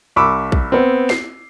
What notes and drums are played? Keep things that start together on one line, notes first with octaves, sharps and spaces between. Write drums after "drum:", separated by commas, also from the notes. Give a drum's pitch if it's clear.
C2 B5 C#6 D6 E6
drum: kick A#1
B3 C4
C7, drum: snare